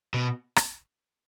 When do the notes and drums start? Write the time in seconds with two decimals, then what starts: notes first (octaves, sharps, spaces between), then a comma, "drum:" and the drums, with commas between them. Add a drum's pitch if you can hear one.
0.14 B2
0.56 drum: rim click